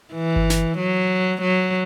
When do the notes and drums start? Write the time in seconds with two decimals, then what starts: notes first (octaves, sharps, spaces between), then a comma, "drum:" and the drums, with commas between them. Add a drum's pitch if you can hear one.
0.14 E3
0.36 drum: kick G1
0.50 drum: snare
0.78 F#3
1.42 F#3